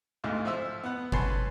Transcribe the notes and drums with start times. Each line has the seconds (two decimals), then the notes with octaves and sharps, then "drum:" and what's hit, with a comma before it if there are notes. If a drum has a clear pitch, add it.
0.24 A1 D2 G#2 A4 F5
0.45 F3 C5 E5 E6
0.84 B3 F#5
1.12 B4 C#5 G#5 A5 C6, drum: kick G1